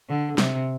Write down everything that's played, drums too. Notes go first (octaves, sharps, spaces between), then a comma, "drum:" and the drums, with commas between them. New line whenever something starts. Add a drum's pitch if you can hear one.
D3
C3, drum: snare